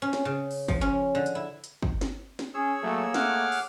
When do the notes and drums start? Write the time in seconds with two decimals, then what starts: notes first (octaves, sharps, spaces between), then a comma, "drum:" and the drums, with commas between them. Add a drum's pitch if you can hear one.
0.02 C#4
0.13 drum: snare
0.25 C#3
0.51 drum: open hi-hat
0.68 F3, drum: kick
0.81 C#4
1.15 D3
1.26 drum: hi-hat
1.35 E4
1.64 drum: hi-hat
1.82 drum: kick
2.01 drum: snare
2.39 drum: snare
2.54 C#4 G#4 C#5 E6
2.83 F#3 A3 A#3
3.14 A3 F#5 D6 F6, drum: snare
3.52 drum: open hi-hat